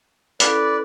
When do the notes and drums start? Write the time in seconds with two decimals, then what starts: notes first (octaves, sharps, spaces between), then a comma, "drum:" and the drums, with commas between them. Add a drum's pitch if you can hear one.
0.40 C#4 E4 A4 B4 D5, drum: hi-hat